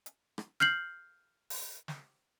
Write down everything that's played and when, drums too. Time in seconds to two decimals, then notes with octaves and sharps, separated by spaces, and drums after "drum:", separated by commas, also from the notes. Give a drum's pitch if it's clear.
0.06 drum: hi-hat
0.38 drum: rim click
0.60 F6 G6 C7 F#7, drum: snare
1.50 drum: open hi-hat
1.88 drum: snare